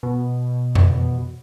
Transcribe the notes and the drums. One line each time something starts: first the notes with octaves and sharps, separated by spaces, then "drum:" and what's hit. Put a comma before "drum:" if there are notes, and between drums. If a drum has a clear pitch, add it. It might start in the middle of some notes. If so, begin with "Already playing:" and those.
B2
drum: tom F2